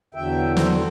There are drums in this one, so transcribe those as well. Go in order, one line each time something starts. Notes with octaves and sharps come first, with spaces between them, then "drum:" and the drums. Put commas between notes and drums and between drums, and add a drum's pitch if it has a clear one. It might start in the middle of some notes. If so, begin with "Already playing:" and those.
E2 D3 F#3 E5 G5
A4 C5, drum: snare